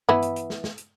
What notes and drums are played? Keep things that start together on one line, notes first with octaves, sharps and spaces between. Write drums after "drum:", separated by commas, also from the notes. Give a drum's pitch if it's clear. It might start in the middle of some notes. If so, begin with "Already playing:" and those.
E3 B3 E4, drum: tom G2
drum: hi-hat
drum: hi-hat
drum: snare
drum: snare
drum: hi-hat